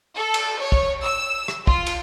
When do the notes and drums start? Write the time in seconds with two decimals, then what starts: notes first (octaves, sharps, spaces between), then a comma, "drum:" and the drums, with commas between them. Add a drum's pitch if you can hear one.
0.15 A4
0.34 drum: cymbal
0.62 C#5
0.72 drum: kick
1.03 E6
1.48 drum: rim click
1.67 F4, drum: kick
1.86 drum: cymbal